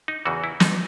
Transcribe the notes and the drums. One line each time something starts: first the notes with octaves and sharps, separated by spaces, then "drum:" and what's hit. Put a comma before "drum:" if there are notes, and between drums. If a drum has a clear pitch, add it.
D#4
E2 C#3 E3 F#4
E4
D#4, drum: snare